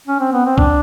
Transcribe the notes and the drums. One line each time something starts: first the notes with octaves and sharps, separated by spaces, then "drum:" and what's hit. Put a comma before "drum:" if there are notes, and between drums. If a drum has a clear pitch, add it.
C#4
C4
B3
C4
D4, drum: kick C2